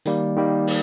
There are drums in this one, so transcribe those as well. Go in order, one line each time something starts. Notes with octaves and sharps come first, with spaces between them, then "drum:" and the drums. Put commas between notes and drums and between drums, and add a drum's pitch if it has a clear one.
D#3 G3 A#3, drum: hi-hat
D#3 G3 A#3
drum: open hi-hat